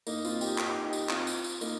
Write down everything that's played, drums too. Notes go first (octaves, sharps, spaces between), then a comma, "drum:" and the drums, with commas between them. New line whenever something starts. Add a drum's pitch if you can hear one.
A#3 D#4, drum: tambourine
C4 F4, drum: tambourine
D#4 G4, drum: tambourine
D#4 G4, drum: clap
D#4 G4
drum: tambourine
C4 F4, drum: clap
drum: tambourine
drum: tambourine
A#3 D#4, drum: tambourine